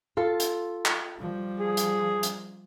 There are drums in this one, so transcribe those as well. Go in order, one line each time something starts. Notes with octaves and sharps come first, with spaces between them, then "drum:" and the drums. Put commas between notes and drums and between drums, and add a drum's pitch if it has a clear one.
F4 A4
drum: hi-hat
drum: clap
F3 G3
G#4
drum: hi-hat
drum: hi-hat